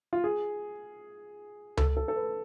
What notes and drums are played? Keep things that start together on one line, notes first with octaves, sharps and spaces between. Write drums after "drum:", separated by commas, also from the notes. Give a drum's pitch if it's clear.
F4
G#4
A4, drum: tom C#2
A4
A4
B4